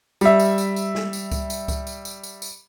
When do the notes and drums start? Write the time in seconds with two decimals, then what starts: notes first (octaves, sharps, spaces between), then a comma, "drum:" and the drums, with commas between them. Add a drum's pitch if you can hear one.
0.21 G3 E5, drum: tambourine
0.40 drum: tambourine
0.58 drum: tambourine
0.76 drum: tambourine
0.95 drum: snare
1.13 drum: tambourine
1.32 drum: kick C#2, tambourine
1.50 drum: tambourine
1.68 drum: kick C#2, tambourine
1.87 drum: tambourine
2.05 drum: tambourine
2.23 drum: tambourine
2.42 drum: tambourine